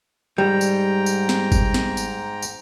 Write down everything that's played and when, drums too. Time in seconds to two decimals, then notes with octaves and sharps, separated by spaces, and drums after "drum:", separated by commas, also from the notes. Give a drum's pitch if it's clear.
0.38 G#2 G3 G5 A#5
0.61 drum: tambourine
1.06 drum: tambourine
1.29 drum: snare
1.52 drum: kick G1, tambourine
1.74 drum: snare
1.97 drum: tambourine
2.42 drum: tambourine